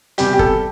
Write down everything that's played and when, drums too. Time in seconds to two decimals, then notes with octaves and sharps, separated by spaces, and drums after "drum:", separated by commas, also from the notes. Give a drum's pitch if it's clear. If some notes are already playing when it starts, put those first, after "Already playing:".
0.18 E2 C3 G3 G4, drum: hi-hat
0.33 G4
0.39 A4, drum: kick G1